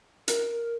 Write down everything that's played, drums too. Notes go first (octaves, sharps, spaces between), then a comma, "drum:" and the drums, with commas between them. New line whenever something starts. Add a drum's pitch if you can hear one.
A#4, drum: hi-hat